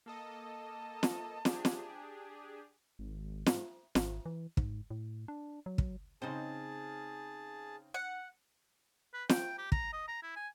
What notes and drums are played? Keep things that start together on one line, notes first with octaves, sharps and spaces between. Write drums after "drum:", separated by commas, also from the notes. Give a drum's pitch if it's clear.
A#3 A4 D#5 A5
drum: snare
D4 G4 G#4, drum: snare
drum: snare
G#1
G#2, drum: snare
G#1, drum: snare
E3
G#2, drum: kick
A2
D4
F#3
drum: kick
C#3 C4 D#4 G#4 C5 A5
F#5
B4
G5, drum: snare
G4
A#5, drum: kick
D#5
A#5
E4
G#5